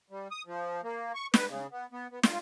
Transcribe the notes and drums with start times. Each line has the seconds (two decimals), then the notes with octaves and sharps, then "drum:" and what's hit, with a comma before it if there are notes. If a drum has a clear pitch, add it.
0.10 G3
0.31 D#6
0.46 F3
0.83 A#3
1.15 C#6
1.34 B4, drum: snare
1.49 C#3
1.71 B3
1.92 B3
2.12 B3
2.23 F4, drum: snare